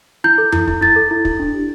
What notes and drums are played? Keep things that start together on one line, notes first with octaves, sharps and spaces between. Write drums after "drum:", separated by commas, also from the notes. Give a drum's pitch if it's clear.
E4 G6
A4
E4, drum: tom F2
E4, drum: kick
E4 A6
A4
E4
E4, drum: kick
D4
G4